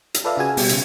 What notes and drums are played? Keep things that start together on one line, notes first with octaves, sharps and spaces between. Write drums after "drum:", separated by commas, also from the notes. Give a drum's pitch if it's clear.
drum: hi-hat
F4 A4 B4 D5 E5 F5
C#3 F4 F#4 G#4 G#5 E6
B2 G3 G4, drum: open hi-hat
C#3 G#6, drum: hi-hat